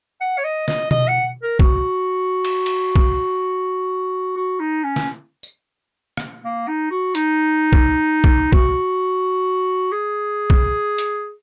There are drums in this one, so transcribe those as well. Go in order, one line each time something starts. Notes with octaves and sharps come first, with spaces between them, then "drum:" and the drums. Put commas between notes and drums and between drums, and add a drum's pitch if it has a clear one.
F#5
C#5
D#5
D#5, drum: snare
D#5, drum: tom B2
F#5
A#4
F#4, drum: kick
drum: cymbal
drum: cymbal
drum: kick
F#4
D#4
C#4
drum: snare
drum: tambourine
drum: rim click
A#3
D#4
F#4
D#4, drum: hi-hat
drum: kick
drum: kick
F#4, drum: kick
G#4
drum: kick
drum: hi-hat